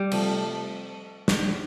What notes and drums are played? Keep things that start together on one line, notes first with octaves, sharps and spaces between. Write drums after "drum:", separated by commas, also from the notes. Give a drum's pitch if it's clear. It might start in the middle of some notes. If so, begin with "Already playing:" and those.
Already playing: G3
C3 F3 A3, drum: cymbal
drum: snare